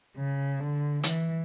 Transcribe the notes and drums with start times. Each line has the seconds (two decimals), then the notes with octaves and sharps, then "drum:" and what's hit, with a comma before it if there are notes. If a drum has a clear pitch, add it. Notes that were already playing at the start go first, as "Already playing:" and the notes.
0.17 C#3
0.60 D3
1.03 E3, drum: hi-hat